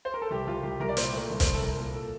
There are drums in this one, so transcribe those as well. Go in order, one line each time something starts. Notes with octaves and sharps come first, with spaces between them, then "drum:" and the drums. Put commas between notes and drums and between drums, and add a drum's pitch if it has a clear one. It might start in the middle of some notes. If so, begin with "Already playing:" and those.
C5
A#4
A4
C2 G4
C2 F4
C2 G4
C2 A#4
D5
A#2 C5, drum: hi-hat
A3
A#4
C2
C5, drum: kick, hi-hat
C2
A4
C2 A#4
A#2
A4